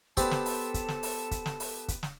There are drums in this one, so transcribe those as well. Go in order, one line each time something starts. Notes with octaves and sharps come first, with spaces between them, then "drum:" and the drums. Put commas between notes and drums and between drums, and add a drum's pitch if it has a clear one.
B3 C4 G4 A4 D5 A5 B5, drum: kick, hi-hat
drum: snare
drum: open hi-hat
drum: kick, hi-hat
drum: snare
drum: open hi-hat
drum: kick, hi-hat
drum: snare
drum: open hi-hat
drum: kick, hi-hat
drum: snare